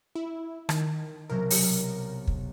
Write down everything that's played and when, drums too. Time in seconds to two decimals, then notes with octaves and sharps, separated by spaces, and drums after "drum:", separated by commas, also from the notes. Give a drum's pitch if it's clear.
0.15 E4
0.69 D#3, drum: rim click
1.29 B1 C3 F#3 A#4
1.50 G4, drum: open hi-hat
2.27 drum: kick